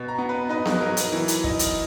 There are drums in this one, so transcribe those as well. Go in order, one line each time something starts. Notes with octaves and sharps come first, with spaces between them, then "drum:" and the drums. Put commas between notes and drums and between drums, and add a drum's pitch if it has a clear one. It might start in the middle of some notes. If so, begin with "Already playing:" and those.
Already playing: B2
A#5
B3
B4
D#4 B4
drum: snare B3
F#3 A#4
drum: hi-hat
E3
drum: hi-hat
D#4, drum: kick
drum: hi-hat